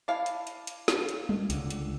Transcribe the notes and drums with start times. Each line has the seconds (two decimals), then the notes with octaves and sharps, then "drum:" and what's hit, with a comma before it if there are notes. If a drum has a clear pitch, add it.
0.08 D4 E4 F5
0.26 drum: hi-hat
0.47 drum: hi-hat
0.67 drum: hi-hat
0.88 drum: snare
1.09 drum: hi-hat
1.29 drum: tom G3
1.50 C#2 D3, drum: hi-hat
1.70 drum: hi-hat